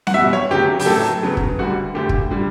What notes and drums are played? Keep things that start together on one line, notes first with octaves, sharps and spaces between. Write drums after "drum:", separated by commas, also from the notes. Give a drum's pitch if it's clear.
F#5, drum: snare C4
E2 B2 G3 E5
C#5
D2 C#3 F#3 G4
G4, drum: open hi-hat
A2 F#3 A3 A4
E2 C#3 F#3 B3
drum: kick
D2 D3 G3 F#4
D2 D3 A3 G4
drum: kick
D3 G3